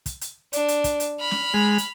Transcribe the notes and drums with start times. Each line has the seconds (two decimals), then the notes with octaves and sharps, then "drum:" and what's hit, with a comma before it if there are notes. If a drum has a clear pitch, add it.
0.06 drum: kick, hi-hat
0.21 drum: hi-hat
0.53 D4, drum: hi-hat
0.68 drum: hi-hat
0.84 drum: kick, hi-hat
1.00 drum: hi-hat
1.20 B5 F6
1.31 drum: snare
1.54 G#3
1.78 drum: hi-hat